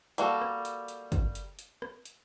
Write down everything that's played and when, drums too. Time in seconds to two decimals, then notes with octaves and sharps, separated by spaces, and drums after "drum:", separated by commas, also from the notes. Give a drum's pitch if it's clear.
0.18 G3 A#3 F#4 A4, drum: hi-hat
0.42 drum: rim click
0.65 drum: hi-hat
0.88 drum: hi-hat
1.12 drum: kick, hi-hat
1.35 drum: hi-hat
1.59 drum: hi-hat
1.82 drum: rim click
2.05 drum: hi-hat